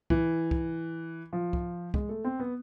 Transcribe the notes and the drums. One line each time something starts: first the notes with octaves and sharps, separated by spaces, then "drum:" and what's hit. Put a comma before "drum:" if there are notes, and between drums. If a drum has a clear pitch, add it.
E3, drum: kick C2
drum: kick C2
F3
drum: kick C2
G#3, drum: kick C2
A3
C4
B3